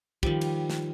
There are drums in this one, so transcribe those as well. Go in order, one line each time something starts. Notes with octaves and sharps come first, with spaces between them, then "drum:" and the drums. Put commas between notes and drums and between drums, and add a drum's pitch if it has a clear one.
D#3 F3 G3, drum: kick
drum: cymbal
drum: snare